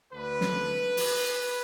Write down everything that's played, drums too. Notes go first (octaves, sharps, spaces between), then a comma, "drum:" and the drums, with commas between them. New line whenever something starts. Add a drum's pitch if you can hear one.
D2 D3 B4
drum: snare
drum: open hi-hat